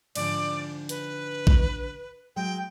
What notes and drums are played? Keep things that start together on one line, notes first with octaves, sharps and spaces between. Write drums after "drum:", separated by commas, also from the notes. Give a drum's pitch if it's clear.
G#2 D3 F3 D5, drum: cymbal
B4, drum: hi-hat
drum: kick A1
F#3 G#3 G5